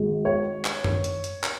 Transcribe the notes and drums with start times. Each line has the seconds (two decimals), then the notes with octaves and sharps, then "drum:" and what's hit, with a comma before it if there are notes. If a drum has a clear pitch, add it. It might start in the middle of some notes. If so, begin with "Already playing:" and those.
Already playing: G#1 G#2 G#3
0.25 C#5
0.65 drum: clap
0.84 drum: tom F#2
1.04 drum: hi-hat
1.24 drum: hi-hat
1.44 drum: clap